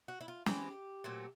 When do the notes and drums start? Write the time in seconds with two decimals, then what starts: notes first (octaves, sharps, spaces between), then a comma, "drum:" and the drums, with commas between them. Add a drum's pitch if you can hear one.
0.08 F#4
0.21 E4
0.28 F4
0.46 E3 G#3 C4 G4, drum: snare
1.04 A#2 F#3 A3 C4